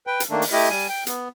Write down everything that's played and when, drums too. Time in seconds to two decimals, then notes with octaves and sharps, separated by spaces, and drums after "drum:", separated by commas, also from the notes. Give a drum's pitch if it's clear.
0.07 B4 G5
0.20 drum: hi-hat
0.30 D#3 A3 A#3 D4
0.42 drum: open hi-hat
0.52 A3 E4 G4 D#5
0.70 G3 G#5
0.89 G5
1.07 B3, drum: hi-hat